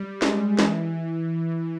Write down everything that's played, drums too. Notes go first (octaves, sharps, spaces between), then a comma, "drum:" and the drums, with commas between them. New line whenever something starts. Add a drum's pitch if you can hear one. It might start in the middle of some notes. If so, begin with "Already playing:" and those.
Already playing: G3
G#3, drum: snare
E3, drum: snare